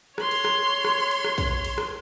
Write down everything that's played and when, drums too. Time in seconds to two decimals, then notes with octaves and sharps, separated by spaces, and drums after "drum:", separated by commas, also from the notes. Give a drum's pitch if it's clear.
0.18 C#5 C6, drum: rim click
0.31 drum: cymbal
0.45 drum: rim click
0.85 drum: rim click
1.11 drum: cymbal
1.24 drum: rim click
1.38 drum: kick, cymbal
1.64 drum: cymbal
1.78 drum: rim click